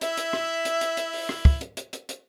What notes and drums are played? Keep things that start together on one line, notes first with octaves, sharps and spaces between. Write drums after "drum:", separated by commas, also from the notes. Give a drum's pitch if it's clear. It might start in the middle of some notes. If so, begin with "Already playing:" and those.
E4 E5, drum: hi-hat
drum: hi-hat
drum: rim click
drum: hi-hat
drum: hi-hat
drum: hi-hat
drum: open hi-hat
drum: rim click
drum: kick
drum: hi-hat
drum: hi-hat
drum: hi-hat
drum: hi-hat